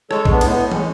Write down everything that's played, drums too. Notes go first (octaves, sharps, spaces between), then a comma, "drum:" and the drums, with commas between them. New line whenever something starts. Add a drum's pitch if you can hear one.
G#3 A4 C#5, drum: rim click
G#3, drum: kick
B3 D4
A2, drum: cymbal
B3
A2
G#3 C#4, drum: tom